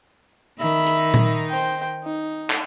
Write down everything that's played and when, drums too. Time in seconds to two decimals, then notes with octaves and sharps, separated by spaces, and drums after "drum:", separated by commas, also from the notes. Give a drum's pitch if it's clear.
0.59 D#3 D#4 E5 B5
0.87 drum: hi-hat
1.14 drum: tom A#2
1.48 C5 G5
2.04 D#4
2.50 drum: clap